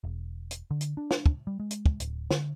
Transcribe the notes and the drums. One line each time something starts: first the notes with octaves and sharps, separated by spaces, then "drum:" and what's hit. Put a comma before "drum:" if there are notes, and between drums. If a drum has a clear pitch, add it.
E1
drum: hi-hat
D3
drum: hi-hat
D4
drum: snare
drum: kick
G3
G#3
drum: hi-hat
drum: kick
D1, drum: hi-hat
D3, drum: snare